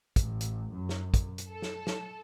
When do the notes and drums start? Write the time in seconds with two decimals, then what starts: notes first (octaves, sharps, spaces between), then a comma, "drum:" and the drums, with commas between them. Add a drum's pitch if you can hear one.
0.16 A1, drum: kick, hi-hat
0.41 drum: hi-hat
0.71 F#2
0.89 drum: snare
1.14 drum: kick, hi-hat
1.38 drum: hi-hat
1.49 A4
1.62 drum: snare
1.87 drum: snare